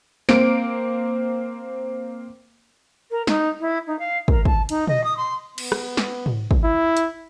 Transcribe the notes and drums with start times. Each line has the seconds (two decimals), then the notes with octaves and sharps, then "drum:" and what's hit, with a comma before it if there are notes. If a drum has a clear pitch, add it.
0.29 A#3 C4 D7, drum: snare
3.10 A#4
3.27 D#4, drum: snare
3.60 E4
3.86 D#4
3.98 F5
4.28 A#4, drum: kick
4.45 A5, drum: kick
4.69 D#4, drum: cymbal
4.87 D#5, drum: tom
5.03 D#6
5.16 C6
5.58 B3, drum: cymbal
5.72 drum: rim click
5.97 drum: snare
6.26 drum: tom
6.51 drum: kick
6.64 E4
6.97 drum: hi-hat